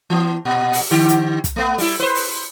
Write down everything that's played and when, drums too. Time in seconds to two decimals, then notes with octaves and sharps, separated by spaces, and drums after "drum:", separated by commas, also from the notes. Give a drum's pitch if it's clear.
0.10 E3 B3
0.45 A#2
0.73 drum: open hi-hat
0.91 D3 G4
1.08 drum: hi-hat
1.44 drum: kick, hi-hat
1.56 A3 B3
1.78 G3 E4, drum: open hi-hat
2.00 B4 C5
2.15 drum: open hi-hat